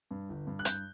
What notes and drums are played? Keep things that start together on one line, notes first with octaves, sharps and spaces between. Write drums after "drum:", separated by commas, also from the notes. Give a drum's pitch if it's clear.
G2
G1
G2
F#6
G2 G6, drum: hi-hat